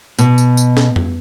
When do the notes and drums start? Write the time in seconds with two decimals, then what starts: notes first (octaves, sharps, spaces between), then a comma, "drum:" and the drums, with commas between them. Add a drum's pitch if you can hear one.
0.19 B2, drum: tambourine
0.38 drum: tambourine
0.57 drum: tambourine
0.77 drum: snare
0.96 drum: tom F2